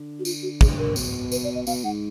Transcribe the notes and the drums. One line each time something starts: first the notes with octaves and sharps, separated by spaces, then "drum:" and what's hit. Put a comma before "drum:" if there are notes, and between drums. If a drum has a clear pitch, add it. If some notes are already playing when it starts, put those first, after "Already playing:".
Already playing: D3
F#4
F4, drum: tambourine
F#4
G#4, drum: kick, tambourine
A#4
B2, drum: tambourine
B4, drum: tambourine
D5
D#5
B2 F5, drum: tambourine
G#2 F#5